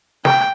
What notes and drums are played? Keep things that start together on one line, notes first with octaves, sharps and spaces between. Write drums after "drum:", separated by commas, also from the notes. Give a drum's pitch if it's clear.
G5, drum: snare